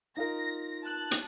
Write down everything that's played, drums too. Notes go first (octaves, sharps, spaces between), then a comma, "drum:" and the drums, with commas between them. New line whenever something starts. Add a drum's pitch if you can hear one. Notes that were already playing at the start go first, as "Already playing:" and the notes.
D#4 F4 A#4 A#6
A5 F#6
drum: hi-hat